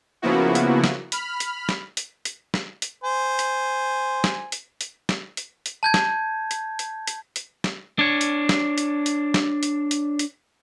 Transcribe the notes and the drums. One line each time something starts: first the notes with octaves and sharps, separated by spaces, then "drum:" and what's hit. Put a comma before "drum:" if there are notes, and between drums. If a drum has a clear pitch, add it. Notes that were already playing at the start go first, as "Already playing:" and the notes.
C#3 F3 A#3 B3 E4 F#4
drum: hi-hat
drum: snare
B5 F6, drum: hi-hat
drum: hi-hat
drum: snare
drum: hi-hat
drum: hi-hat
drum: snare
drum: hi-hat
C5 G#5
drum: hi-hat
drum: snare
drum: hi-hat
drum: hi-hat
drum: snare
drum: hi-hat
drum: hi-hat
A5 G6 G#6
drum: snare
drum: hi-hat
drum: hi-hat
drum: hi-hat
drum: hi-hat
drum: snare
D4 C#5
drum: hi-hat
drum: snare
drum: hi-hat
drum: hi-hat
drum: snare
drum: hi-hat
drum: hi-hat
drum: hi-hat